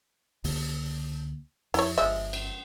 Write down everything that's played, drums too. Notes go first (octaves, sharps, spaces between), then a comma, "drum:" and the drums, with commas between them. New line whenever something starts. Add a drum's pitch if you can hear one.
C#2 D3 A#3, drum: open hi-hat
F2 E4 C#5, drum: open hi-hat
D1 G1 F3 G#3 E5
drum: cymbal